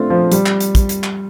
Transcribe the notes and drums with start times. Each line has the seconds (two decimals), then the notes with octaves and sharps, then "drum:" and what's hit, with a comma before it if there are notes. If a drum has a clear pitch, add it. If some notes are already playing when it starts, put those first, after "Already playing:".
Already playing: A3 C4 D4 F4
0.10 F3
0.32 G3, drum: hi-hat
0.46 drum: clap
0.61 drum: hi-hat
0.75 drum: kick, hi-hat
0.89 drum: hi-hat
1.04 drum: clap